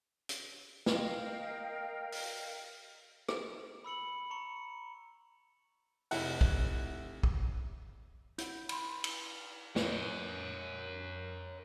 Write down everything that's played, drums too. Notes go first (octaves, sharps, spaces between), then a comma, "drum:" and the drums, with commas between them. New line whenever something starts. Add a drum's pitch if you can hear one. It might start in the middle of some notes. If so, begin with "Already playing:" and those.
drum: hi-hat
A#4 D#5 F5 G5, drum: snare
drum: open hi-hat
drum: rim click
B5 E6 C#7 F#7
A#5 C#6 C#7
F1 E4 F#5, drum: open hi-hat
drum: kick
drum: kick
E4 C#5 F#5 G6, drum: hi-hat
B5 C6, drum: cymbal
drum: cymbal
A#4 C#5, drum: snare